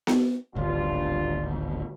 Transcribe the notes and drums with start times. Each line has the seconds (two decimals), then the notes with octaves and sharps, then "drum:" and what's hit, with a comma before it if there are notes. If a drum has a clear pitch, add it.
0.07 drum: snare B3
0.55 D1 G#1 G2 D3 D4 F4